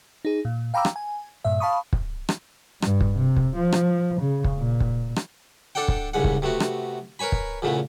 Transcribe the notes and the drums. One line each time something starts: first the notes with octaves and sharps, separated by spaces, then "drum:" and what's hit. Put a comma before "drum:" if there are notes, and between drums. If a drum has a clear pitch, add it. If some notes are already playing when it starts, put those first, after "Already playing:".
D#4 G#4
A#2
F5 G5 A#5 B5 D6 E6
drum: rim click
G#5
G2 A#2 E5
F5 A5 B5 C#6 D#6
drum: kick
drum: rim click
G2, drum: rim click
drum: kick
C3
drum: kick
F3
drum: rim click
C#3
drum: kick
A#2
drum: kick
drum: rim click
D4 A4 D5 F#5 G5
drum: kick
C2 G#2 C#3 F#5
drum: kick
C3 A3 B3 F#4
drum: rim click
A#4 B4 C#5 G#5 B5
drum: kick
E2 A#2 C#3 A3 B3